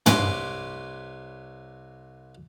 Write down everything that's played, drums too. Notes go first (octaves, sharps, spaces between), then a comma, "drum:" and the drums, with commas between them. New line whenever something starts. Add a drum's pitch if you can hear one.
C2 B4 C#5 C6 D6, drum: tom